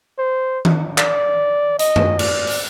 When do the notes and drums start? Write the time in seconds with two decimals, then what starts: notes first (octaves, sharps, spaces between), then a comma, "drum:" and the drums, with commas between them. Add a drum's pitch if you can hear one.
0.19 C5
0.65 drum: tom D#3
0.98 D5, drum: clap
1.79 D#5, drum: hi-hat
1.96 drum: tom F#2
2.19 D5, drum: cymbal
2.47 drum: open hi-hat